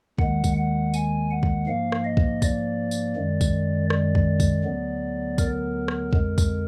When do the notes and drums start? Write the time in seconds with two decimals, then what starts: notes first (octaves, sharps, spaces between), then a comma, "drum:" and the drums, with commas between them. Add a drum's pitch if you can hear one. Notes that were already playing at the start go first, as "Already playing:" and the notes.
0.18 D#2 D#3 G#3 F#5, drum: kick
0.44 drum: kick, tambourine
0.57 F#5
0.94 G#5, drum: tambourine
1.30 F#5
1.43 drum: kick
1.67 G#2 F3 A#3 F5
1.92 drum: rim click
2.05 D#5
2.17 drum: kick
2.42 D5, drum: kick, tambourine
2.91 drum: tambourine
3.16 F#2 D#3 G#3
3.41 drum: kick, tambourine
3.90 D5, drum: rim click
4.15 drum: kick
4.40 drum: kick, tambourine
4.64 D2 D3 F#3 B3
5.38 A#4, drum: kick, tambourine
5.88 drum: rim click
6.13 F2 D3 G#3, drum: kick
6.38 drum: kick, tambourine